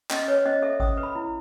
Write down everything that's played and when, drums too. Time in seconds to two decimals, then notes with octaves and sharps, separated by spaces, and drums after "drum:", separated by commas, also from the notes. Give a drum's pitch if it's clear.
0.10 C#4 D#5, drum: clap
0.28 B4 C#5
0.46 C#4 D#5
0.62 A4 E5
0.80 C#4 D#6, drum: kick G#1
0.97 B4
1.03 B5
1.15 E4